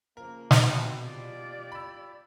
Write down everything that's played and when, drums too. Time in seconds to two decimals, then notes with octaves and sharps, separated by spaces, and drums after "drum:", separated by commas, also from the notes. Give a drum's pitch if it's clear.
0.17 C#3 F3 A#3 A#4
0.51 drum: snare
0.60 B2 C4 B4 F5
1.06 F4 G4 D5
1.72 B5 E6